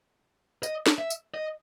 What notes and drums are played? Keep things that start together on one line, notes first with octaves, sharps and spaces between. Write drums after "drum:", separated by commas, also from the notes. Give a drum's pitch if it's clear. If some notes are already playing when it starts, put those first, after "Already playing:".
D#5, drum: tambourine
drum: snare
E5
drum: tambourine
D#5